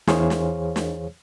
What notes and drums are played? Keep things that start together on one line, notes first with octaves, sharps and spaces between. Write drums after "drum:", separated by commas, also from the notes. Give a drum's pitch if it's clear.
E2 E3 G#4 C5 C#5 F5, drum: snare
drum: snare
drum: snare